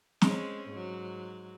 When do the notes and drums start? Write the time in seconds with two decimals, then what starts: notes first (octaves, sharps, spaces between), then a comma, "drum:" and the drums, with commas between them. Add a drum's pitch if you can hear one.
0.22 G#3 C4 C#4, drum: snare
0.69 G#2 F#3